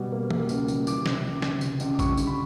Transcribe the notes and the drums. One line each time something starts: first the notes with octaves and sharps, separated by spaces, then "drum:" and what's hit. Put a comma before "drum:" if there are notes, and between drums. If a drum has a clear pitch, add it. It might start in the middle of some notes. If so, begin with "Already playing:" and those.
Already playing: B2 G3 B3
A#3
A#3, drum: tom
C#2, drum: tambourine
G3, drum: tambourine
E3 D6, drum: tambourine
C3, drum: snare
C#2
C3, drum: snare
C3, drum: tambourine
C#2, drum: tambourine
D6
G3 C#6, drum: kick G#1, tambourine
D3, drum: tambourine
B5